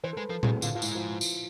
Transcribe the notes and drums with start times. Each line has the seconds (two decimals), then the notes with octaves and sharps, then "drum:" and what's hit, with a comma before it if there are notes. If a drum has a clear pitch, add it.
0.04 E3 C5
0.13 A4
0.17 G#3 B4
0.30 F3 A4
0.43 C3 G#4, drum: tom A#2
0.62 D3 F4, drum: tambourine
0.75 A2 F4
0.82 G#2 E4, drum: tambourine
0.95 F3
1.21 drum: tambourine